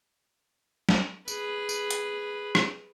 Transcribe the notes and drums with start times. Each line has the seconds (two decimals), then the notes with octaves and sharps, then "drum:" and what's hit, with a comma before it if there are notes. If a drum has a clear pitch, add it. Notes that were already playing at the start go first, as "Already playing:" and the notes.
0.89 drum: snare
1.28 G#4 B4, drum: tambourine
1.69 drum: tambourine
1.91 drum: hi-hat
2.55 drum: rim click